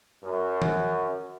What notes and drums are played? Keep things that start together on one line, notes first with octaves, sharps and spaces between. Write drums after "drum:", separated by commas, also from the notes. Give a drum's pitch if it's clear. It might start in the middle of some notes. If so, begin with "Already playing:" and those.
F#2
drum: tom